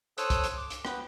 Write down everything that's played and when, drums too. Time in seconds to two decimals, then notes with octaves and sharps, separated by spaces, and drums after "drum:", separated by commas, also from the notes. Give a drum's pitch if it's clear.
0.18 A4 C5 C#5 D#6 E6 F#6, drum: hi-hat
0.30 drum: kick C2, hi-hat
0.44 drum: hi-hat
0.57 D6
0.70 drum: hi-hat
0.85 B3 B4 G5, drum: rim click